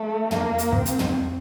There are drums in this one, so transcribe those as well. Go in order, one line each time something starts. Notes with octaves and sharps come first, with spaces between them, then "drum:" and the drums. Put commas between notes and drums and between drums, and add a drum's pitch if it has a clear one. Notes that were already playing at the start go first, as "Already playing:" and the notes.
Already playing: A3
A#3, drum: tom
drum: hi-hat
C4, drum: kick
drum: hi-hat
drum: tom